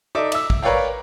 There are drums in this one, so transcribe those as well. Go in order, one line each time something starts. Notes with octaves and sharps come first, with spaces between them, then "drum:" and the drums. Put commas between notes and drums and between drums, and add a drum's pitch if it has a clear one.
D#4 A4 D5 E5 D6
E5 E6, drum: cymbal
drum: kick
A#4 B4 C#5 D5 F5 G5